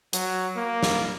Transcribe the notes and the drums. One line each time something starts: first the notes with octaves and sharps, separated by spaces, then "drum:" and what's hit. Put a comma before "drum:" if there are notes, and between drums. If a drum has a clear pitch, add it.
F#3, drum: hi-hat
A#3
drum: snare